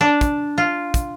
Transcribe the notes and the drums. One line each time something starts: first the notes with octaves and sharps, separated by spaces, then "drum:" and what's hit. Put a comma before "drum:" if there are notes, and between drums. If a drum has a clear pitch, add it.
D4
drum: kick, hi-hat
F4
drum: kick, hi-hat